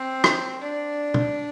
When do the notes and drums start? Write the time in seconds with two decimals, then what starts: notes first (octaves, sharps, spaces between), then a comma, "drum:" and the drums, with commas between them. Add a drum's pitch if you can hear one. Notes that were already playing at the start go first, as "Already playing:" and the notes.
Already playing: C4
0.24 drum: rim click
0.62 D4
1.14 drum: tom